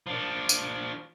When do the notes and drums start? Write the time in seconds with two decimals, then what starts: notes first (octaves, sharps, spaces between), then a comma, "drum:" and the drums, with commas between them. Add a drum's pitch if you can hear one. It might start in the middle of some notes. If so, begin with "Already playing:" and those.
0.07 F3 D4
0.49 drum: tambourine